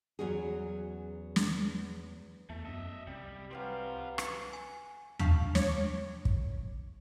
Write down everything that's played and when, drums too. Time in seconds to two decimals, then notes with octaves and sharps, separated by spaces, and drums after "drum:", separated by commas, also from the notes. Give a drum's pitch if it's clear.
0.19 E2 F#3 C#4 F#4 G#4
1.36 drum: snare
2.49 E2 A3
2.65 F#2 B3 D#5 E5
3.07 C2 G3
3.51 F#3 G3 C4 B4 F5
4.18 drum: rim click
4.53 G#5
5.19 D4 F5 A5 C#6 F6, drum: tom D#2
5.55 C#5 D6, drum: snare
6.25 drum: kick